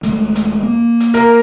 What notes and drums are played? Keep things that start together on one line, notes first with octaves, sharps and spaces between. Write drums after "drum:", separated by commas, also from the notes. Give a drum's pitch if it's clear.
D#1 G#3 A3, drum: hi-hat
drum: hi-hat
A#3
drum: hi-hat
A#4, drum: hi-hat